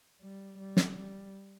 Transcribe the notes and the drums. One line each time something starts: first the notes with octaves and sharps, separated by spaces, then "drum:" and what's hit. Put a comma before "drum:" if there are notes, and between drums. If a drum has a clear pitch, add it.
G3
G3
drum: snare
G3